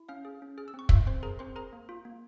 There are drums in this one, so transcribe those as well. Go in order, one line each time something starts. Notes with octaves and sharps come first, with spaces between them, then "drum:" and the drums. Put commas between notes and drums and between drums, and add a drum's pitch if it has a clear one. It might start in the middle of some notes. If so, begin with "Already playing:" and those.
Already playing: E4
C#4 F5 F6
G#4
C#4
G#4 F6
E6
C4
C#6
F4 E5 E6, drum: kick
C4 C5 C6
G#4 A#4 A#5
C4 C5 C6
G#4 A#4 A#5
A#3
F4
A#3